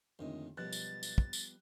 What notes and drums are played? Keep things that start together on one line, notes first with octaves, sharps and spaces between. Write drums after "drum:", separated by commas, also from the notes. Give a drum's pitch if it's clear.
A#1 F2 A2 D3 D#3 C5 D#5
F#2 B2 F3 G3 B3 F#6 A6
drum: tambourine
drum: tambourine
drum: kick
drum: tambourine